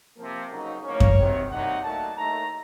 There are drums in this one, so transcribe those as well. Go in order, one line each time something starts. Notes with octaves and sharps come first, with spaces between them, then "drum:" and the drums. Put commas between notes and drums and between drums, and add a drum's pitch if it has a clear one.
C3 F3 A#3
C#2 C#3 F#3 A#3 D#4
A2 F3 A#3 C#4 C#5
drum: kick F#2
C3 D#3 F#3 C4
C2 C3 F#3 A#3 D#4 F#5
A#2 F#3 A3 D#4 A5
D#2 D#3 A3 D#4 A#5